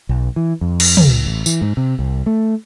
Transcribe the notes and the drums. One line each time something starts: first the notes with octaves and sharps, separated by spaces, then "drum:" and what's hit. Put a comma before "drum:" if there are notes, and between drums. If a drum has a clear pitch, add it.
B1
E3
F2
drum: cymbal
drum: tom
C#2
A1
E3, drum: tambourine
G#2
C3
C2
A3